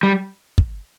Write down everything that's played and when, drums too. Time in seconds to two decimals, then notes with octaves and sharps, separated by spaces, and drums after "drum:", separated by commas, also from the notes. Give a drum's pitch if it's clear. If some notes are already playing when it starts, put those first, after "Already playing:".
0.03 G3
0.58 drum: kick